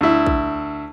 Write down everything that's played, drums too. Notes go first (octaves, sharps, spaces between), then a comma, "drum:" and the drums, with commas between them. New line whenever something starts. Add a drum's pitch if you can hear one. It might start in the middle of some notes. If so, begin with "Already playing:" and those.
D2 E4
drum: kick A#1